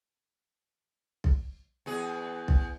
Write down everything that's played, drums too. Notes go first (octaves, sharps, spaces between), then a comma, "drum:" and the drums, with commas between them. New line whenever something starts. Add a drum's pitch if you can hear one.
drum: kick B1
E2 G#4
drum: kick B1